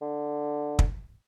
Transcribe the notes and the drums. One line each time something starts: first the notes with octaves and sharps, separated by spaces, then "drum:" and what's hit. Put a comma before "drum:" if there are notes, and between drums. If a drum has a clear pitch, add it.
D3
drum: kick